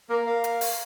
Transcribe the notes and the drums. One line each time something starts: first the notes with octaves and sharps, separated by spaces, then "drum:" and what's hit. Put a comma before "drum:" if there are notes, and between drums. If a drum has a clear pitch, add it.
A#3 A#4
F5
drum: hi-hat
drum: open hi-hat